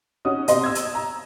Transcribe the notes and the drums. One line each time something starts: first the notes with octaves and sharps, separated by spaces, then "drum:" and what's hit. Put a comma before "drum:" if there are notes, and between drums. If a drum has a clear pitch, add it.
C#4 D#4 F#4 D#6
C3 C4 D#5 C6, drum: hi-hat
E6 G#6
drum: hi-hat
A#5